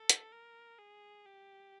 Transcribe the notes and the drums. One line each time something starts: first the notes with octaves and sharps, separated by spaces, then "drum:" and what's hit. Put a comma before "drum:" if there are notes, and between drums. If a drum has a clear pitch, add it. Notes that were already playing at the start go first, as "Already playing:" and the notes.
Already playing: A4
drum: hi-hat
A#4
G#4
G4